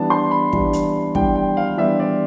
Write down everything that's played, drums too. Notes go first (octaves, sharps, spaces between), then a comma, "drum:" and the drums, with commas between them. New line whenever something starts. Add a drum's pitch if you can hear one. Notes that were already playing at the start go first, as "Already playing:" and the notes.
Already playing: E3 G3 B3 D4 A5
C6
B5
E3 G3 B3 D4, drum: kick
drum: hi-hat
E3 G3 B3 D4 G5, drum: kick
G5
F5
E3 G3 B3 D4 E5
D5